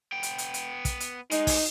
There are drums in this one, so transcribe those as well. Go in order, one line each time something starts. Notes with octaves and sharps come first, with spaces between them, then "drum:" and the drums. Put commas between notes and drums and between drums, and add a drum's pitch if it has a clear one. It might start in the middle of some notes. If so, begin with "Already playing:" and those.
B3 G5
drum: hi-hat
drum: hi-hat
drum: hi-hat
drum: kick, hi-hat
drum: hi-hat
G#3 D#4, drum: hi-hat
drum: kick, open hi-hat